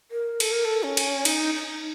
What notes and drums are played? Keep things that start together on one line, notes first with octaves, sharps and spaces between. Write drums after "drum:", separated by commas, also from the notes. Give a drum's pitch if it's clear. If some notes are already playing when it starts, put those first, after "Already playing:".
A#4
A4, drum: cymbal
A#4
A4
C#4
drum: cymbal
D#4, drum: cymbal
D#4